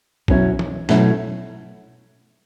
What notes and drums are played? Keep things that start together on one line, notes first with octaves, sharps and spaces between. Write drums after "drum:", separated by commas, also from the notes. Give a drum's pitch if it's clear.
B2 F#3 C#4 E4, drum: kick
drum: tom E3
B2 F#3 A3 C#4 E4, drum: snare